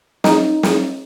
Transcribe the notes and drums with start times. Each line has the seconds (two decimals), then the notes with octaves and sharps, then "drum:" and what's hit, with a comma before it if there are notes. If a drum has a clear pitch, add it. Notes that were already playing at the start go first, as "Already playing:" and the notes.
0.24 D#4, drum: snare
0.63 drum: snare